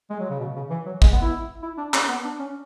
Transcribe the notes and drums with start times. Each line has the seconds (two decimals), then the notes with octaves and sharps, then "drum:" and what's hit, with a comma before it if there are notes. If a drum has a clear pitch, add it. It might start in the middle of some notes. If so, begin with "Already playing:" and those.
0.10 G#3
0.20 F#3
0.30 C#3
0.40 B2
0.56 C#3
0.70 E3
0.86 F#3
1.02 G#3, drum: kick
1.12 B3
1.22 E4
1.63 E4
1.78 D4
1.94 C#4, drum: clap
2.08 B3
2.24 D4
2.39 C#4